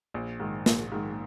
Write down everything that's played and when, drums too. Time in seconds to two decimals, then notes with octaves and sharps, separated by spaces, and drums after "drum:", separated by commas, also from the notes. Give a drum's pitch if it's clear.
0.14 A#1
0.40 G#2 D#3
0.66 A#1, drum: snare
0.92 G#2 D#3